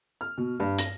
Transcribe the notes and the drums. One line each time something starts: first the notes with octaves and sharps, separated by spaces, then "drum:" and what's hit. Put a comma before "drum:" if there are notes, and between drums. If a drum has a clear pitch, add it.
F6
B2
G2
A#6, drum: hi-hat